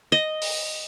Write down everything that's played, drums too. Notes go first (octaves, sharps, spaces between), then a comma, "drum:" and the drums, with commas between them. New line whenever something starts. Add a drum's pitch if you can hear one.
D#5
drum: open hi-hat